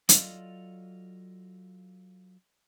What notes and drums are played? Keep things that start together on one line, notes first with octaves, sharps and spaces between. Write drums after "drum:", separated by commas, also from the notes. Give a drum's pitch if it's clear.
F#3 F4 A4 D5 D#5 F5, drum: hi-hat